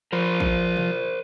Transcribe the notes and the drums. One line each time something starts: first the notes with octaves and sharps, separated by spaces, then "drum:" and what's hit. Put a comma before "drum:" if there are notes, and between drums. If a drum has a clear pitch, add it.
F3 A#4 C5
drum: kick
drum: tom B2